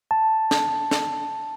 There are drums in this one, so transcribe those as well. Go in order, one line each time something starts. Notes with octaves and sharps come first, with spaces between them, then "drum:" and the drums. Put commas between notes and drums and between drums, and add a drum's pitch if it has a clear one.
A5
drum: snare
drum: snare